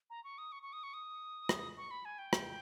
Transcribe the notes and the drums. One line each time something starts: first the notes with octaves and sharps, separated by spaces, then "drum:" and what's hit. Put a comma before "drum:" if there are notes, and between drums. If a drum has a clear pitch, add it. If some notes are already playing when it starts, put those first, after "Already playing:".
A#5
C#6
D#6
C#6
C#6
D#6
C#6
D#6
drum: rim click
C#6
B5
G#5
G5
drum: rim click